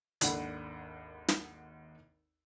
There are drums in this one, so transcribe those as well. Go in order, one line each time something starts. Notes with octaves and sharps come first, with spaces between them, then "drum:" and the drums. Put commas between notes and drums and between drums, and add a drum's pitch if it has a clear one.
G#1 D#2 D4 A4 F#5 B5, drum: hi-hat
drum: snare